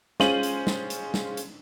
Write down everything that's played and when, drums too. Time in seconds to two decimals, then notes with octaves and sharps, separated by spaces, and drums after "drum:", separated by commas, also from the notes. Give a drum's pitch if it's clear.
0.20 G#3 C#4 F4 C5 D#7 F#7, drum: snare
0.43 drum: hi-hat
0.67 drum: snare
0.90 drum: hi-hat
1.14 drum: snare
1.37 drum: hi-hat